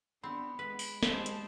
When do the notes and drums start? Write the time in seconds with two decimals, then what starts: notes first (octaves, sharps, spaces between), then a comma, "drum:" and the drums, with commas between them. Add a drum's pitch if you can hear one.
0.24 B3 C4 D4 B5
0.59 G#3 B4
0.79 drum: open hi-hat
1.03 G#3 C4 G4 C5 A5, drum: snare
1.26 drum: hi-hat